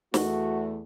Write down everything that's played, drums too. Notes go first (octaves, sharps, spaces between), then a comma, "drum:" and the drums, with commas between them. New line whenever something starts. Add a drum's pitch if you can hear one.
E2 A3 F#4, drum: snare